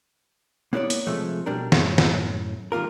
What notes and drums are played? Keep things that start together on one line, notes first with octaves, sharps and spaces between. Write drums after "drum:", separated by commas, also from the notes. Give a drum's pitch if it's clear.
A#3 B3 E4 A#4 C#5 D5
drum: hi-hat
C3 F3 G#3 A3
B2 G3 D4 A#4
F#2 A2, drum: snare
drum: snare
D#3 G3 A#3 F4 A#4